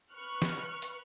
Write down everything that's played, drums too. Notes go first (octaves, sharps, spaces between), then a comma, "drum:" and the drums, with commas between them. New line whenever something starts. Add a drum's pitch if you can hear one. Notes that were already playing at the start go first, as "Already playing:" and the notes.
B4 C#6 F6 F#6
drum: snare
drum: hi-hat